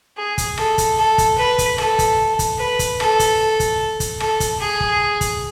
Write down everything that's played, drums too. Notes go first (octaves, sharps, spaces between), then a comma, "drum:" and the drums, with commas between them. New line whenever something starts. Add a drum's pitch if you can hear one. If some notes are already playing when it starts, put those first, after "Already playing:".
G#4
drum: kick, hi-hat
A4, drum: rim click
drum: kick, hi-hat
A4
drum: kick, hi-hat
B4
drum: kick, hi-hat
A4, drum: rim click
drum: kick, hi-hat
drum: kick, hi-hat
B4
drum: kick, hi-hat
A4, drum: rim click
drum: kick, hi-hat
drum: kick, hi-hat
drum: kick, hi-hat
A4, drum: rim click
drum: kick, hi-hat
G#4
drum: kick
drum: kick, hi-hat